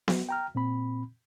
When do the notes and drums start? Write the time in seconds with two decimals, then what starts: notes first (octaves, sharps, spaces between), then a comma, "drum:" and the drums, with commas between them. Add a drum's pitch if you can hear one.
0.08 F#3 F#4, drum: snare B3
0.29 G5 A#5 F6
0.55 A#2 C4 B5